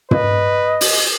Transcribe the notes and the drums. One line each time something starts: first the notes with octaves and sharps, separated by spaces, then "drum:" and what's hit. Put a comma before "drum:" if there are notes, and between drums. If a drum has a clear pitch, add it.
B4 D#5, drum: tom
drum: open hi-hat